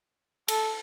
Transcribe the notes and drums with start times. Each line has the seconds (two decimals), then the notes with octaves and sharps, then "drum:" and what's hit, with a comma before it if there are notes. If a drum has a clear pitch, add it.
0.48 A4, drum: cymbal